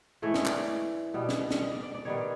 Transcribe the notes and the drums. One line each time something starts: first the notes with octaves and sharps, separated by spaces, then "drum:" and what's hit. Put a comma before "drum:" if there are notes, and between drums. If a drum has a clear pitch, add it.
G#2 E3 A3 C#5
D#5, drum: snare
D5, drum: clap
B2 G3 B3
drum: snare
drum: snare
D#5
D5
D5
D5
D#3 G3 B3 C#5